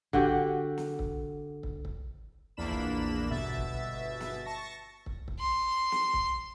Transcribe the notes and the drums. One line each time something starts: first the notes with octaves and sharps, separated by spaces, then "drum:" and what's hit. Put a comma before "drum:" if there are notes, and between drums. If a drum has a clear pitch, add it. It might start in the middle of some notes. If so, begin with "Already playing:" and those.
D3 F#4 G4, drum: kick
drum: snare
drum: kick
drum: kick
drum: kick
A#1 E2 A#3 D4 B5 E7
drum: kick
G1 B2 E5 A6
drum: kick
drum: snare
A5 C#6 A#6
drum: kick
drum: kick
C6
drum: snare
drum: kick